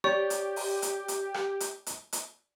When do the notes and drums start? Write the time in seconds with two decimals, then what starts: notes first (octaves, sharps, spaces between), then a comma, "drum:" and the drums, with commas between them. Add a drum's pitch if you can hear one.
0.04 G4 C#5 D5 C#6
0.30 drum: hi-hat
0.56 drum: open hi-hat
0.82 drum: hi-hat
1.08 drum: hi-hat
1.34 drum: rim click
1.60 drum: hi-hat
1.86 drum: hi-hat
2.13 drum: hi-hat